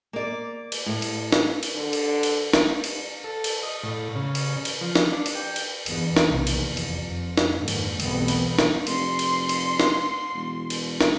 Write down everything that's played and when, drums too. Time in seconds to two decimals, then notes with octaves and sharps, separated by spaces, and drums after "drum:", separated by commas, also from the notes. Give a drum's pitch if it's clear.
0.13 A#3 D5
0.72 drum: cymbal
0.86 A2
1.02 drum: cymbal
1.32 drum: snare
1.63 drum: cymbal
1.75 D3
1.93 drum: cymbal
2.23 drum: cymbal
2.53 drum: snare
2.84 drum: cymbal
3.24 A4
3.44 drum: cymbal
3.63 D#5
3.83 A2
4.15 C#3
4.35 drum: cymbal
4.65 drum: cymbal
4.81 F3
4.95 drum: snare
5.12 D4
5.26 drum: cymbal
5.35 G5
5.56 drum: cymbal
5.86 E2 G2 B3, drum: cymbal
6.17 drum: snare
6.27 B1 E2 C3 D#3 A#3
6.47 drum: cymbal
6.62 F1 E2
6.77 drum: cymbal
7.00 F2
7.38 drum: snare
7.57 F2 G#2 D3 D#3 A#3
7.68 drum: cymbal
8.00 B1 E2 G2 A3 B3 C4, drum: cymbal
8.28 drum: cymbal
8.59 drum: snare
8.87 F1 C6, drum: cymbal
9.19 drum: cymbal
9.49 drum: cymbal
9.80 drum: snare
10.34 E1
10.70 drum: cymbal
11.01 drum: snare